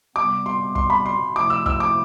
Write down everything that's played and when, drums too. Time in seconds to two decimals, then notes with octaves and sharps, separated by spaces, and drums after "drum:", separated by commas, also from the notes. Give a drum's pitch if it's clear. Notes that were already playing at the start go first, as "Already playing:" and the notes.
0.16 C3 G3 B3 D6
0.46 C6
0.75 C6, drum: kick
0.90 B5
1.06 C6
1.36 C3 F3 A3 E4 D6
1.50 E6
1.66 E6, drum: kick
1.80 D6